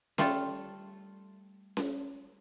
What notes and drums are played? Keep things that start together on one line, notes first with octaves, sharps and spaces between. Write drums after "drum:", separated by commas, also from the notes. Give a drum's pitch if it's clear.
G3 A3 F4 A4, drum: snare C#4
drum: snare C#4